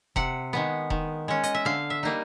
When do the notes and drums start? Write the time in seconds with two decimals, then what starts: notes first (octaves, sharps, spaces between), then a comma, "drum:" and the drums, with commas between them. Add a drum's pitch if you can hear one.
0.16 C3 F#5, drum: kick E1
0.53 D#3 G#3 B3
0.90 D#3, drum: kick E1
1.28 G#3 C#4
1.43 D#5, drum: hi-hat
1.55 E5
1.65 D3 F5
1.90 E5
2.03 G3 A#3 D#4